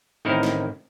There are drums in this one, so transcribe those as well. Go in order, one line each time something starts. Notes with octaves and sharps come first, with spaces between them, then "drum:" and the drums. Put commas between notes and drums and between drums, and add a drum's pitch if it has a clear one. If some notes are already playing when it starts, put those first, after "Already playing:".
A1 D#3 C4 D#4 E4 A#4
drum: snare